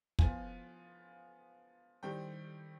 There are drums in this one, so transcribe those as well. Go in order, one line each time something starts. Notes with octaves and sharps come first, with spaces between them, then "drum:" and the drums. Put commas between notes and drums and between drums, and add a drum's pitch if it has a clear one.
F3 B3 F4 G#5, drum: kick
D#3 G3 C4 G5